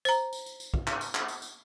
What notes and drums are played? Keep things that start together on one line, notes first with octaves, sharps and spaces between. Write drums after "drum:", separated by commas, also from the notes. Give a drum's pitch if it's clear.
C5 A#5, drum: tambourine
drum: tambourine
drum: tambourine
drum: tambourine
drum: kick
drum: clap
drum: tambourine
drum: clap
drum: tambourine
drum: tambourine